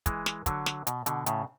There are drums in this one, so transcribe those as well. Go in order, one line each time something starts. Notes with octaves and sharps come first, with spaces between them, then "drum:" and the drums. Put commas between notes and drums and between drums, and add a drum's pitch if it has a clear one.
E3 G#3, drum: kick, hi-hat
drum: snare
D3 F#3, drum: kick, hi-hat
drum: snare
B2, drum: hi-hat
B2 D3, drum: hi-hat
A2 C#3, drum: hi-hat